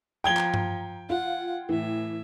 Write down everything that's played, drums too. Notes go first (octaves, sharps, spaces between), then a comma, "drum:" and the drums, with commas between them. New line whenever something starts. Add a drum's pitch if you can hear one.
F3 G5 A#5 G#6 G7
drum: clap
drum: tom G2
F4 F#5
A2 E3 E5